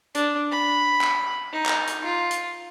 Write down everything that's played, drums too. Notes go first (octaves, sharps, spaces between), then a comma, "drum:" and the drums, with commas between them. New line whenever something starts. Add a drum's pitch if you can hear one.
D4, drum: hi-hat
B5
drum: clap
D#4
drum: clap
drum: hi-hat
F4
drum: hi-hat